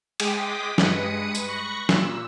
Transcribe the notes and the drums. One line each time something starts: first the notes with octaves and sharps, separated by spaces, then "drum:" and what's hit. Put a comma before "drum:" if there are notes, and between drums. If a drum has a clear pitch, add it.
G#3 G#4 G5 D6 D#6 B6, drum: cymbal
G2 G#3 B4 D#6 C#7, drum: snare
drum: tambourine
B5 C#6 F#6 A#6 C#7
A#2 E6, drum: snare